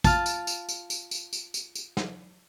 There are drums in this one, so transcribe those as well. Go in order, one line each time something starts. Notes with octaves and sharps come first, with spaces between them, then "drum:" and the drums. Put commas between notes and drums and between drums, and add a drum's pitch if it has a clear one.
F4 A5, drum: kick, tambourine
drum: tambourine
drum: tambourine
drum: tambourine
drum: tambourine
drum: tambourine
drum: tambourine
drum: tambourine
drum: tambourine
drum: snare